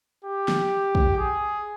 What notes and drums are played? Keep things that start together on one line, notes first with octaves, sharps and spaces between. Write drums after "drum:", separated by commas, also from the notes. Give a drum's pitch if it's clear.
G4
drum: snare
drum: kick
G#4